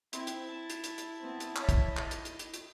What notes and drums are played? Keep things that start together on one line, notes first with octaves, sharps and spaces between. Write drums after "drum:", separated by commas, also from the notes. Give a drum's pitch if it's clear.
C4 E4, drum: hi-hat
drum: hi-hat
A5
drum: hi-hat
drum: hi-hat
drum: hi-hat
B3 C4
drum: hi-hat
C#5 D5 E5, drum: clap
drum: kick, hi-hat
D#5
drum: clap
drum: hi-hat
drum: hi-hat
drum: hi-hat
drum: hi-hat